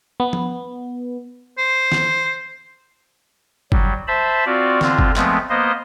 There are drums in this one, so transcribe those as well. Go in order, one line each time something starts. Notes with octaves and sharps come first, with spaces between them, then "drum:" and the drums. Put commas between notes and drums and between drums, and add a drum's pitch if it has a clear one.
B3
drum: tom F3
C5
drum: snare
F#3 G3, drum: kick F#1
C5 E5 A5 B5
C4 F4 F#4 D5
D3 C4 F4, drum: snare
drum: kick F#1
F3 G#3 A3 B3 C4, drum: clap
A#3 B3 C5 D#5